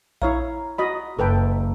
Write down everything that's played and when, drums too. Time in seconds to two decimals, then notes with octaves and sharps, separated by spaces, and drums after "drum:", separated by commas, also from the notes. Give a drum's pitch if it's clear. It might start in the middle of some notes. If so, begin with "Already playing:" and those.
0.22 E4 C#5 F5 A#5, drum: kick A#1
0.78 F#4 D#5 B5
1.19 F#1 A4 B4 G5